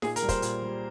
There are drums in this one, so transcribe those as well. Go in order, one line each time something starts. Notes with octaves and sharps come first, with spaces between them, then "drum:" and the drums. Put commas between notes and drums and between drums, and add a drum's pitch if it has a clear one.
A#2 G#4, drum: snare D#4
A#4, drum: hi-hat
G3
C5, drum: kick, hi-hat
A#2, drum: hi-hat
G3